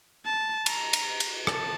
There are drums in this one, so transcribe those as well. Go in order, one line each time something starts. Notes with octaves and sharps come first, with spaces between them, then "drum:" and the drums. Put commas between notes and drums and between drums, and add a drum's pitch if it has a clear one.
A5
A#5, drum: cymbal
drum: cymbal
drum: cymbal
A5, drum: rim click